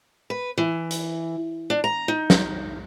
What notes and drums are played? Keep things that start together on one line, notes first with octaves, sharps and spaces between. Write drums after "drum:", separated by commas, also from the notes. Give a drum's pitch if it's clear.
B4
E3
drum: hi-hat
D4
A#5
D#4
drum: snare